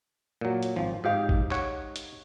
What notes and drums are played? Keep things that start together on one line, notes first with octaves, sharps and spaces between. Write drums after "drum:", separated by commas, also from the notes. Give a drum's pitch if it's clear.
A#2 F#3
drum: hi-hat
G#1 F3
G#2 D#4 G4 F5
drum: kick G#1
C#5 F#5, drum: clap
drum: hi-hat